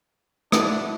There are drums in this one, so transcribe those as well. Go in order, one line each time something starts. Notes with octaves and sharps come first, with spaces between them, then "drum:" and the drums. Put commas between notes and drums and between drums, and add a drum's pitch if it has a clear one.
D4 E4 F#4, drum: rim click